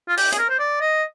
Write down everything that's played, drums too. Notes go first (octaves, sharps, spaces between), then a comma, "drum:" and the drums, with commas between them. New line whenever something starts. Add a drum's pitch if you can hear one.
F4
G4, drum: open hi-hat
G#4, drum: hi-hat
A#4
C5
D5
D#5